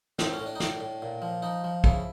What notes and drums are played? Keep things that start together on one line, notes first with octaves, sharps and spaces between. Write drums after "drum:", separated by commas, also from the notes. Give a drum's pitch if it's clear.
A2 C4, drum: snare
C#4
A2
D4
D#4
A2 D4, drum: snare
A2
A#2
F3
F3 D#4
F3
C#3 E4, drum: kick